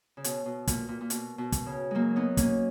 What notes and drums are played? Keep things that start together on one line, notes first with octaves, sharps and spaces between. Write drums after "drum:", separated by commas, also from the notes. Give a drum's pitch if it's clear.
C#3
B2, drum: hi-hat
B2
A#2, drum: kick, hi-hat
A#2
A#2
B2, drum: hi-hat
B2
drum: kick, hi-hat
C#3
F#3 G#3 A#3
B3 D#4
A#3 C#4, drum: kick, hi-hat